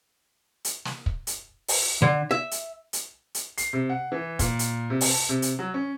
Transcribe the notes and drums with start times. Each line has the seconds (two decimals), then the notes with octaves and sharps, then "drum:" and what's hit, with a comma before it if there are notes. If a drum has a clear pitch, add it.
0.65 drum: hi-hat
0.85 drum: snare
1.06 drum: kick
1.27 drum: hi-hat
1.68 drum: open hi-hat
2.02 D3
2.31 E5
2.51 drum: hi-hat
2.93 drum: hi-hat
3.35 drum: hi-hat
3.58 C7, drum: hi-hat
3.73 C3
3.89 F#5
4.12 E3
4.39 A#2, drum: kick, hi-hat
4.59 drum: hi-hat
4.90 C3
5.01 drum: open hi-hat
5.11 A5
5.29 C3
5.42 drum: hi-hat
5.59 F#3
5.74 C#4